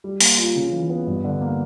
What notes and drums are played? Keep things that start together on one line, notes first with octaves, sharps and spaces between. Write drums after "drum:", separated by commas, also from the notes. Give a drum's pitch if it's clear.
G3
A#3, drum: open hi-hat
F4
C#3
E3
B3
G2
D3
A#3